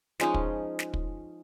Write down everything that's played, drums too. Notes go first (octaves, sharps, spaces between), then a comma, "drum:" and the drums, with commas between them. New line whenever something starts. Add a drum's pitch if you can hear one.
F3 G#3 C#4 D#4, drum: snare
drum: kick
drum: snare
drum: kick